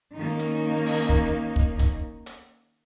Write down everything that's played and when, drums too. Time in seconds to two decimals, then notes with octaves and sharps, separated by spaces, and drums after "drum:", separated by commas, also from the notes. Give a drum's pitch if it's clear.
0.16 D#3 A#3 C#4 D#4
0.39 drum: hi-hat
0.86 drum: open hi-hat
1.09 drum: kick
1.56 drum: kick
1.79 drum: kick, hi-hat
2.26 drum: hi-hat